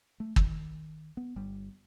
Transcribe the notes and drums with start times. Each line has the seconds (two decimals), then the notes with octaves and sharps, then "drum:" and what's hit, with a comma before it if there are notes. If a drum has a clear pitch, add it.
0.20 A3
0.36 D#3, drum: kick
1.17 B3
1.36 G1 G3